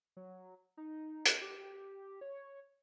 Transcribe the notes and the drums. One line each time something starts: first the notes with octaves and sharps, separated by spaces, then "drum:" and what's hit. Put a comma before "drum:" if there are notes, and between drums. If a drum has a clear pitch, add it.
F#3
D#4
drum: hi-hat
G4
C#5